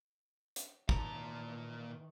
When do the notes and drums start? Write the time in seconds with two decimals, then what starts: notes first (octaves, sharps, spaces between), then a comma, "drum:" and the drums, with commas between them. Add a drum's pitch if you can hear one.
0.56 drum: hi-hat
0.89 A#2 D#3 E3 A5 A#5, drum: kick